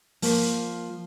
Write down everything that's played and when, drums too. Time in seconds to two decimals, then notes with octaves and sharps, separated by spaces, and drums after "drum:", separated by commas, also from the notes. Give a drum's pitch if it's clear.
0.22 F3 A#3, drum: open hi-hat